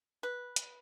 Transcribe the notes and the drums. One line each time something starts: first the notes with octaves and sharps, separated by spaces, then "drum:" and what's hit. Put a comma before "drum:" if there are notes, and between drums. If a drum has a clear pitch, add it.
B4
drum: hi-hat